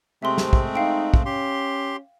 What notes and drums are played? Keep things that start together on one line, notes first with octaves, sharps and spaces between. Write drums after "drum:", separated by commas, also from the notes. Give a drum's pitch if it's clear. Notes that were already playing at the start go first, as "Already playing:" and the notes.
C3 G#3 A3 C4 E5 C6
drum: snare
drum: kick
D#4 F5 G5
drum: kick
C#4 G4 C6